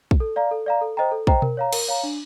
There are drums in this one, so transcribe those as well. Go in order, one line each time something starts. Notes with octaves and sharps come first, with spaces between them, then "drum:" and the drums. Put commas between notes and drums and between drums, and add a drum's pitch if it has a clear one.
drum: kick
A4
D5 F5 A#5
A4
D5 F5 A#5
A4
C5 D#5 G5 A#5
A4
C5 D#5 G5 A#5, drum: kick
A#4, drum: tom B2
C#5 F5 A#5
A#4, drum: cymbal
C#5 F5 A#5
D4